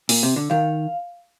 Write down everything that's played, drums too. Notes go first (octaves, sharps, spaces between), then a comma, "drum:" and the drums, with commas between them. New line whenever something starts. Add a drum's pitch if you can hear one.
A#2, drum: open hi-hat
C3
D3
D#3 F5